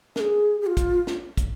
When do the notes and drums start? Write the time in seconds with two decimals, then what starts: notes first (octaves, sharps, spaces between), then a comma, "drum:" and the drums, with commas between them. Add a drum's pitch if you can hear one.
0.16 A#4, drum: snare
0.20 G#4
0.62 G#4
0.67 F4
0.77 drum: kick, hi-hat
1.07 drum: snare
1.37 drum: kick, hi-hat